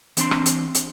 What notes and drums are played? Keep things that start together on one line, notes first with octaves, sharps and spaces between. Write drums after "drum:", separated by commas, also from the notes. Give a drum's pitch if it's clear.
E3 C4 D4 C6, drum: hi-hat
drum: rim click
drum: hi-hat
drum: hi-hat